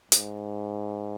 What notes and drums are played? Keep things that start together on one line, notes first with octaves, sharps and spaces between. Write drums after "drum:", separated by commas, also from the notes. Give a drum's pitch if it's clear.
G#2, drum: hi-hat